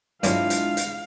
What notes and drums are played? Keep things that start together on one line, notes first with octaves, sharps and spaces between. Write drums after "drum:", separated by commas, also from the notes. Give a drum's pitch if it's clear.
G2 F#3 G#3 C4 D4 E4 F4 F5, drum: hi-hat
drum: hi-hat
drum: hi-hat